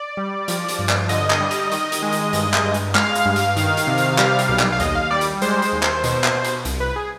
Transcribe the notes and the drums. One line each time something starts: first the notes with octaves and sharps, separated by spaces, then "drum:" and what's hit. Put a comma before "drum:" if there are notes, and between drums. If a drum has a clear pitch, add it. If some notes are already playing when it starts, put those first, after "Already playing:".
Already playing: D5
G3
F3, drum: hi-hat
drum: hi-hat
G2
drum: clap
D3 D#5, drum: hi-hat
drum: clap
G3
drum: hi-hat
D#3, drum: hi-hat
drum: hi-hat
G#3
drum: hi-hat
G2, drum: hi-hat
drum: clap
G2
drum: hi-hat
G#3 F5, drum: clap
drum: hi-hat
G2
drum: hi-hat
D#3, drum: hi-hat
drum: hi-hat
C3
drum: hi-hat
G3, drum: clap
drum: hi-hat
B1
drum: clap
F5
D#2 D#5, drum: hi-hat
F5
G3 D5
drum: hi-hat
G#3 C5, drum: hi-hat
drum: hi-hat
D#2
drum: clap
B2, drum: hi-hat
drum: clap
B2
drum: hi-hat
C2, drum: hi-hat
B4
G#4